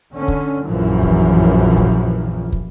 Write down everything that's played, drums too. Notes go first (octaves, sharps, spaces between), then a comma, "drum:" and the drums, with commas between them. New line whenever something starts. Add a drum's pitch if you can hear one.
D3 C#4
drum: kick
A#1 F#2 E3 F3
drum: kick
drum: kick
drum: kick